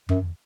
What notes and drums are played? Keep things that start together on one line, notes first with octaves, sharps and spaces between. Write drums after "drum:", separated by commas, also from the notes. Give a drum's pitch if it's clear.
F#2, drum: tom F2